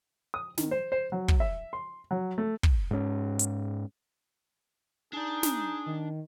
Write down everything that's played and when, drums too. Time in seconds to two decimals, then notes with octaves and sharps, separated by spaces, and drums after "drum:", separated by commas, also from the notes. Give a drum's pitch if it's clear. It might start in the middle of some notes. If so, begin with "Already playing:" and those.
0.34 D#6
0.58 D#3, drum: snare
0.71 C5
0.92 C5
1.12 F#3
1.28 drum: kick
1.40 E5
1.73 C6
2.11 F#3
2.38 A3
2.63 drum: kick
2.91 G#2 C#4
3.39 drum: hi-hat
5.13 D4 D#4 G#4 D5
5.43 drum: snare
5.86 D#3